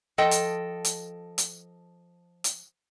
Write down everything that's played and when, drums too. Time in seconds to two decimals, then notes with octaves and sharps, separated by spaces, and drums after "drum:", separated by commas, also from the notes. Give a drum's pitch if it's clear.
0.18 F3 A4 D#5 G5
0.31 drum: hi-hat
0.85 drum: hi-hat
1.38 drum: hi-hat
2.44 drum: hi-hat